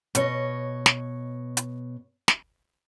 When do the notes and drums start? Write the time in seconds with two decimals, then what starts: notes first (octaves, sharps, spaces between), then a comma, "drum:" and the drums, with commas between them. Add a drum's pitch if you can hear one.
0.15 B2 C#5 D#5, drum: hi-hat
0.86 drum: snare
1.57 drum: hi-hat
2.28 drum: snare